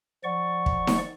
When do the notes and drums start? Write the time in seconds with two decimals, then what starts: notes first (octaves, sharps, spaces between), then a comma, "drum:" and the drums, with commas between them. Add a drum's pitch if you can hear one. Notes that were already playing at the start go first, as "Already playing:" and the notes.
0.24 F3 D5 F#5 C#6
0.66 drum: kick
0.87 drum: snare D#4